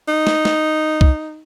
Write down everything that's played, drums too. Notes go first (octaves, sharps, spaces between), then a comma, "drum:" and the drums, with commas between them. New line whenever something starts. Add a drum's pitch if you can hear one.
D#4
drum: snare
drum: snare
drum: kick